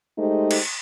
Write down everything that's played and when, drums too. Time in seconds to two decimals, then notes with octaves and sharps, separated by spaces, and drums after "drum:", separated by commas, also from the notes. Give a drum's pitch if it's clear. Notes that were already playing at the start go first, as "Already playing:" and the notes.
0.18 G#3 A3 D#4 G4 C5 D#5
0.51 drum: cymbal